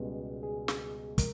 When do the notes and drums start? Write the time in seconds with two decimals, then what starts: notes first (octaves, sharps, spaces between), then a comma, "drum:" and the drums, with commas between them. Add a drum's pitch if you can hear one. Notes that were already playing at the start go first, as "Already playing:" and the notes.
Already playing: C#2 B2 G3 B3 G#4
0.43 G#4
0.68 drum: snare
1.18 A#4, drum: kick, hi-hat